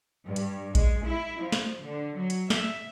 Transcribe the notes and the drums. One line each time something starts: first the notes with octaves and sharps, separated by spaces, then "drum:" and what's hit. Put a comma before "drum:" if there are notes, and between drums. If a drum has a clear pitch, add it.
G2
drum: hi-hat
G#3, drum: kick A#1, hi-hat
E4
F3
drum: snare
D3
F#3
drum: hi-hat
E5, drum: snare